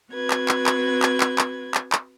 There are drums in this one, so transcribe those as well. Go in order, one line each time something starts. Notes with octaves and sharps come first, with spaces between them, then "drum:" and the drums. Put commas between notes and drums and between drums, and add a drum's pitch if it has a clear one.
C4 F#4 B4 G#6
drum: clap
drum: clap
drum: clap
drum: clap
drum: clap
drum: clap
drum: clap
drum: clap